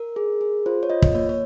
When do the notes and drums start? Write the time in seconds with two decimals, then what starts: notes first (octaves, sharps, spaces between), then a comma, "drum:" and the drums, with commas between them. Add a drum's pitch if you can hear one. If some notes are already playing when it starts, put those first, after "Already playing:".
Already playing: A#4
0.16 G#4
0.41 G#4
0.66 F4 C5
0.83 C#5
0.90 F4 D#5
1.02 drum: kick
1.15 A#3 C#5
1.29 C#5